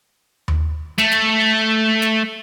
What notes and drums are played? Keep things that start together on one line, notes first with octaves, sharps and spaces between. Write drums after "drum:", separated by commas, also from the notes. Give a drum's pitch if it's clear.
drum: tom D#2
A3, drum: snare
drum: snare
drum: snare